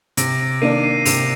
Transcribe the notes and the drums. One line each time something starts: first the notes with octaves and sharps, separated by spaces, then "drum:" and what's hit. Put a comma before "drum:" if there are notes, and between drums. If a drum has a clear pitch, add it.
C3 A#6 D7, drum: hi-hat
A#6 D7
D#3 A#3 D4 C7 D#7
C7 D#7
C3 D7 F7, drum: open hi-hat